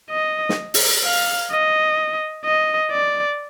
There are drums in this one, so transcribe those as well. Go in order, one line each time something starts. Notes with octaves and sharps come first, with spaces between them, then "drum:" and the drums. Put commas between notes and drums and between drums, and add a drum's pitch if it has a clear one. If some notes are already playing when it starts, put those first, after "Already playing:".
D#5
drum: snare
drum: open hi-hat
F5
D#5
D#5
D5